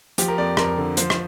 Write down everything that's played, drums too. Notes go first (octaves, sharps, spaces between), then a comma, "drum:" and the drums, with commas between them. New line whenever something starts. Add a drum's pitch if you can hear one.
F3 G4, drum: hi-hat
A#4
F2 D5
F2 A#4, drum: rim click
D3
F3 C5, drum: hi-hat
drum: rim click